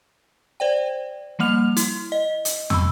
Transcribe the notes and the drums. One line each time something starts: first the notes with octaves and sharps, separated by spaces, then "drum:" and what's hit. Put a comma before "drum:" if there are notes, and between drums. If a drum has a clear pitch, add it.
C5 D5 G5
F3 G3 A#3 F6 F7
E4, drum: hi-hat
D#5
drum: hi-hat
B5 C#6 E6, drum: tom